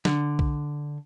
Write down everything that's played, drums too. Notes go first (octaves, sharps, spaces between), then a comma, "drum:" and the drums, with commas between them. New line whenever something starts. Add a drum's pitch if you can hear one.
D3, drum: snare
drum: kick